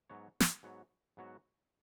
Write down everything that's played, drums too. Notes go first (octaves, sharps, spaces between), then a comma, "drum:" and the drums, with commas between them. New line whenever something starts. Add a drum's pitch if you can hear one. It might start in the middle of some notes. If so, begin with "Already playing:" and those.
G#2 F#3 B3 F#4 C#5
drum: snare
G#2 F#3 B3 F#4 C#5
G#2 F#3 B3 F#4 C#5